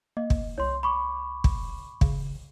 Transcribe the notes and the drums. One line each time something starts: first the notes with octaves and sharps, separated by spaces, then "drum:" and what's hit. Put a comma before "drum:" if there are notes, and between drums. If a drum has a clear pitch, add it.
A#3 D#5
drum: kick
C2 C#5 C6
B5 C#6 D6
drum: kick
C#3, drum: kick